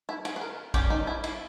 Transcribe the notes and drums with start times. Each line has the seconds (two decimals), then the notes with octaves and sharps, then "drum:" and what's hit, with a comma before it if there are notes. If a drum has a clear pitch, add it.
0.09 E4
0.25 G#4, drum: cymbal
0.36 B4
0.41 A#4
0.74 G3 C#4 G4, drum: kick, cymbal
0.90 D#4
1.07 E4
1.24 E4, drum: cymbal